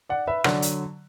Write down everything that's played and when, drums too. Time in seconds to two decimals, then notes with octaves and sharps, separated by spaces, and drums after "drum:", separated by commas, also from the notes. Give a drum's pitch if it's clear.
0.09 D5 F#5
0.27 B4 E5
0.44 D3 F#3 D5 F#5, drum: rim click
0.62 drum: hi-hat